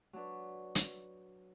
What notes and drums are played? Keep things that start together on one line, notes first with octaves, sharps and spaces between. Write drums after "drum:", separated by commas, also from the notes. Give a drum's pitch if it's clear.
F#3 D4 B4
drum: hi-hat